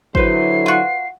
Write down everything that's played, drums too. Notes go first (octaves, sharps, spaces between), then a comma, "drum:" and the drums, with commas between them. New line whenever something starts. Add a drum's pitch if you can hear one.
D3 F#3 E4 B4 C5 C7, drum: kick
F4 F#4